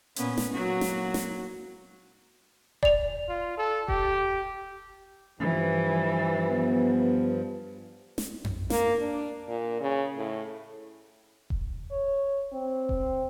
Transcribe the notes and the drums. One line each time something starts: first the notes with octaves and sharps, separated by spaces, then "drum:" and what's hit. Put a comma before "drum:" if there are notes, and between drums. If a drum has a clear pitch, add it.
A#2 B3 C#4, drum: hi-hat
drum: snare
F#3 A#3 F#4
drum: snare
drum: snare
D5 F7, drum: kick E1
F4
A4
G4, drum: kick E1
G2 E3 F3
B3
drum: snare
drum: tom F2
A#3, drum: snare
D4
A#2
C#3
A2
drum: kick E1
C#5
C4
drum: kick E1